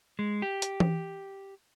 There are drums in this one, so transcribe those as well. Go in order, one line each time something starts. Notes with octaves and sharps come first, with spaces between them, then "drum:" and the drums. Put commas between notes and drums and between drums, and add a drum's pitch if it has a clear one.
G#3
G4
drum: hi-hat
drum: tom E3